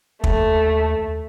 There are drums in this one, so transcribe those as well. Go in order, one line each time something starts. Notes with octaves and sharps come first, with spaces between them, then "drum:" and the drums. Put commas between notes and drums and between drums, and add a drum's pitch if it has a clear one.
D#2 A3, drum: kick